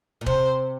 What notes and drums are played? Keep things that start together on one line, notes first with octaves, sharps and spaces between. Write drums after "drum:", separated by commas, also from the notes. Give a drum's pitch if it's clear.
A#2
C3 C5, drum: kick E1